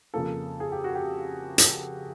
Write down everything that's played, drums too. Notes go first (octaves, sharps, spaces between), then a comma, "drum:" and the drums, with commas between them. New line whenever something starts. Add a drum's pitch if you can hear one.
F2 C#3 F3 A#3 A4
G#4
G4
F#4
G4
drum: hi-hat